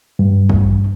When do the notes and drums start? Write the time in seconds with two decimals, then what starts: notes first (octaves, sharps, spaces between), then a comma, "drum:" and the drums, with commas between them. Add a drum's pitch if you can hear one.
0.19 G2
0.50 drum: kick